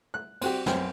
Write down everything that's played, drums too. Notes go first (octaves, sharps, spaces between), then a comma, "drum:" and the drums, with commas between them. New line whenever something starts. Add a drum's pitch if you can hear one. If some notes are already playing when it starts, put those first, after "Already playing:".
F#6
C4 F#4 G4, drum: cymbal
B1 F#2 C4 G5, drum: snare